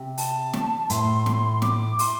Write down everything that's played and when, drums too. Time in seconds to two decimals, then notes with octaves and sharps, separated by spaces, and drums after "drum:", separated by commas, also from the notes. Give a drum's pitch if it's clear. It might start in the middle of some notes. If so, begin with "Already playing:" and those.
Already playing: C3
0.18 A5, drum: open hi-hat
0.53 drum: snare
0.90 A2 C6, drum: hi-hat
1.26 drum: snare
1.62 D6, drum: snare
1.99 C6, drum: open hi-hat